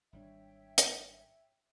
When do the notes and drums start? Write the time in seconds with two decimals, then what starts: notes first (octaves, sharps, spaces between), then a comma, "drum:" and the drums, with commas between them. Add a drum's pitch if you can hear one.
0.13 G#1 G3 D4 C#5 E5 G5
0.78 drum: hi-hat